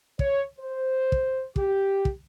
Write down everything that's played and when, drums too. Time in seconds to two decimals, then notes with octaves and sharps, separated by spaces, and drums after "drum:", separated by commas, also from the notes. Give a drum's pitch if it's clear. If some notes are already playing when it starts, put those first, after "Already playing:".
0.19 C#5, drum: kick
0.58 C5
1.12 drum: kick
1.56 G4, drum: kick
2.05 drum: kick